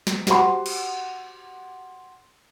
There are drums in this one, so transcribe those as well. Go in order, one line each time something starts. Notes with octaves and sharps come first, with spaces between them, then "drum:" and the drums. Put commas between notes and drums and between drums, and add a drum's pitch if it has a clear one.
drum: snare
F#4 G4 C5 F#5 C6, drum: snare
drum: cymbal